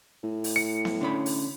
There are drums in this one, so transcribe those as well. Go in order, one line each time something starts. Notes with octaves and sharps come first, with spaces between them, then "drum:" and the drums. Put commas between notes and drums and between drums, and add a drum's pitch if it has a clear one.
A2
drum: open hi-hat
C#7
drum: snare B3
D3 C#4 B5
drum: open hi-hat